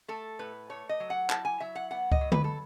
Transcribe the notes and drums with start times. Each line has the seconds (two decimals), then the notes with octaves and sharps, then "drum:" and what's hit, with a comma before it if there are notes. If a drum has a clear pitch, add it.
0.08 A3 A4
0.39 A2 B4
0.70 A3 C#5
0.89 D#5
1.00 F#3
1.10 F#5
1.30 E4 A5, drum: clap
1.45 G#5
1.60 F#3 E5
1.75 F#5
1.91 B3 F#5
2.12 D#5, drum: kick C#2
2.21 F#3
2.32 B4, drum: tom D3
2.44 A4